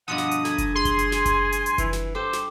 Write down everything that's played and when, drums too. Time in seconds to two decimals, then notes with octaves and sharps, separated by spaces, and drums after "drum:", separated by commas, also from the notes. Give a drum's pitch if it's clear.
0.08 G2 B2 F3 F#5 D#6
0.18 drum: snare
0.31 drum: hi-hat
0.45 A4 G#5 A#5 B5, drum: snare
0.58 drum: kick F#1, hi-hat
0.75 G#4 C6
0.85 drum: kick F#1, hi-hat
0.99 drum: hi-hat
1.12 drum: snare
1.26 drum: kick F#1, hi-hat
1.52 drum: hi-hat
1.66 drum: hi-hat
1.78 E3, drum: kick F#1, hi-hat
1.93 drum: snare
2.15 G4 A4 C5
2.33 drum: snare